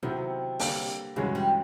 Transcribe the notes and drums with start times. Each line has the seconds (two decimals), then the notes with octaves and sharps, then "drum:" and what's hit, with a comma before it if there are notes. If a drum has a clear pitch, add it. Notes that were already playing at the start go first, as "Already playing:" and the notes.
0.03 C3 D#3 F#3 B3 E4
0.60 D3 G3 A#3, drum: open hi-hat
1.16 G2 C#3 E3 G#3 C#4 F#4
1.35 G3